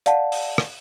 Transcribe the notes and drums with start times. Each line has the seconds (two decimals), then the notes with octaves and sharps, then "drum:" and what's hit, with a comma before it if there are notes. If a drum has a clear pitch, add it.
0.06 D5 F5 F#5 A5, drum: hi-hat
0.32 drum: open hi-hat
0.58 drum: rim click